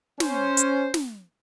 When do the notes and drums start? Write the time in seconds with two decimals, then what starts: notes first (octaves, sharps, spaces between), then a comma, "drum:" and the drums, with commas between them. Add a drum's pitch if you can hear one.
0.20 C#4 C5, drum: snare
0.57 drum: hi-hat
0.94 drum: snare